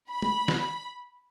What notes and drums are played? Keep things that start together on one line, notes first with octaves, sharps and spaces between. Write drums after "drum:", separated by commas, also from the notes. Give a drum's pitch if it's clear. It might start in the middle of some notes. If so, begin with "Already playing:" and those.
B5
drum: tom
drum: snare